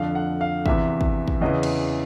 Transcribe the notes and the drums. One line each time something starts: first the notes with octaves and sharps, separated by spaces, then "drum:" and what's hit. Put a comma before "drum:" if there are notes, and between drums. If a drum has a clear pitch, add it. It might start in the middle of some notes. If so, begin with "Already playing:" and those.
Already playing: F2 D3 F5
F#5
F5
E2 C3 E3 E5, drum: kick
drum: kick
drum: kick
E2 C#3 E3 D#5
drum: cymbal